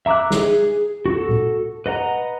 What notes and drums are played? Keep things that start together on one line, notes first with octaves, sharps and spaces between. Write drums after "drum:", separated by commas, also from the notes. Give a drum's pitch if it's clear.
E5 A#5 D6 E6 F#6
G#4, drum: snare
F#4 A4
drum: tom A#2
B4 D#5 F#5 A#5